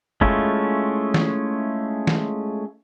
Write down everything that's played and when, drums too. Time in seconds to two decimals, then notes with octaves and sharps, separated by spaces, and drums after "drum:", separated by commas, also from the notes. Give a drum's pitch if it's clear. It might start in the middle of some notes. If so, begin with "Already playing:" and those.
0.21 G#3 A3 C#4 E4 F4, drum: kick
1.14 drum: snare
2.07 drum: snare